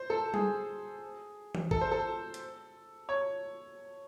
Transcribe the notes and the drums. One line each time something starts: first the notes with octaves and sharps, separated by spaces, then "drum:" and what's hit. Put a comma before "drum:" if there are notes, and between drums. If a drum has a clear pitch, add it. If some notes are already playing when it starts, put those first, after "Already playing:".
Already playing: C5
A4
G#4, drum: tom G3
drum: tom E3
A4, drum: kick
C5
A4
drum: hi-hat
C#5